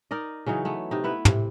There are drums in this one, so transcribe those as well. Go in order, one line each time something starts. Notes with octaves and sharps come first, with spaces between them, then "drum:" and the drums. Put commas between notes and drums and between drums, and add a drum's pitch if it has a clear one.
D#4 A#4 D5 D#5
C#3 E3 F#3 D#4
A3 B3
C3 D#4
B3 E4 B4
C3, drum: tom